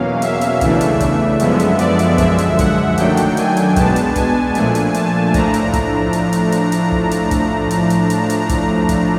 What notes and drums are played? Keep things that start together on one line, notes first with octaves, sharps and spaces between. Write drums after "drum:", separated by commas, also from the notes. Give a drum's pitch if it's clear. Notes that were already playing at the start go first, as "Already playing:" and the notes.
Already playing: E2 B2 F#3 A#3 C#4 F5
E5, drum: hi-hat
drum: hi-hat
E2 C#3 E3 A3 D4, drum: kick, hi-hat
drum: hi-hat
drum: kick, hi-hat
F#2 D3 F3 G#3 B3, drum: hi-hat
drum: hi-hat
D5, drum: hi-hat
drum: hi-hat
F#2 D3 F3 G#3 E5, drum: kick, hi-hat
drum: hi-hat
F#5, drum: kick, hi-hat
F#2 D#3 F#3 A3 D4 G5, drum: hi-hat
drum: hi-hat
G#5, drum: hi-hat
drum: hi-hat
B2 G#3 B3 D4 A5, drum: kick, hi-hat
drum: hi-hat
G#5, drum: kick, hi-hat
A#2 F3 A3 D4 G#5, drum: hi-hat
drum: hi-hat
A5, drum: hi-hat
A2 F3 A3 D4 A#5, drum: kick, hi-hat
drum: hi-hat
drum: kick, hi-hat
drum: hi-hat
drum: hi-hat
drum: hi-hat
drum: hi-hat
drum: kick
drum: hi-hat
drum: kick, hi-hat
drum: hi-hat
drum: hi-hat
drum: hi-hat
drum: hi-hat
drum: kick, hi-hat
drum: kick, hi-hat